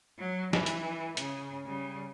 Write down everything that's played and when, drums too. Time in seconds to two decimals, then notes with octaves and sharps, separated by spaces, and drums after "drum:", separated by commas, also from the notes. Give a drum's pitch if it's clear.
0.19 F#3
0.53 E3, drum: snare
0.66 drum: hi-hat
1.17 C#3, drum: hi-hat
1.65 C#3 G3